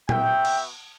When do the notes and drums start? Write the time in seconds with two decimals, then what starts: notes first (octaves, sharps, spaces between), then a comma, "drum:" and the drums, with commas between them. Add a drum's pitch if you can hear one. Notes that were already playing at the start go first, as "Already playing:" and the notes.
0.09 B3 F#4 E5 G5, drum: tom
0.45 drum: cymbal